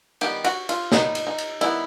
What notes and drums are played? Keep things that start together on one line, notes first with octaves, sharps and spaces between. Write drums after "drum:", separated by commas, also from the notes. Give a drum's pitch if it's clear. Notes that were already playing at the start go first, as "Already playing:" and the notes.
D#3 G3 B3 G4, drum: cymbal
F#4, drum: cymbal
F4, drum: cymbal
D#3 G3 B3 D#4, drum: snare
drum: cymbal
D#4
drum: cymbal
D#3 G3 B3 E4, drum: cymbal